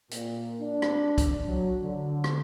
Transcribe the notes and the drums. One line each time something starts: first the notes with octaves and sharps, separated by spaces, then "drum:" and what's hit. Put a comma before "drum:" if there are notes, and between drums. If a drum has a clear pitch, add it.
A#2, drum: hi-hat
D4
drum: rim click
drum: kick, hi-hat
F#3
D3
drum: rim click